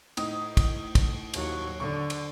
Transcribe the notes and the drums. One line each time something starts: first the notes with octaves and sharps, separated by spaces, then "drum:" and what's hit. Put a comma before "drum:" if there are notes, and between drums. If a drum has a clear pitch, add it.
A2 D#4 D#6, drum: cymbal
drum: kick, cymbal
drum: kick, cymbal
D#2 F#3, drum: cymbal
D3 C#6
drum: cymbal